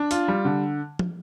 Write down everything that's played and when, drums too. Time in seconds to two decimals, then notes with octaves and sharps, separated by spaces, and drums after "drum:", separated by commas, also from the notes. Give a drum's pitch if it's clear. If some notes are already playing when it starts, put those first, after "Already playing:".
Already playing: D4
0.11 F4, drum: hi-hat
0.28 G3
0.45 D3
0.99 drum: tom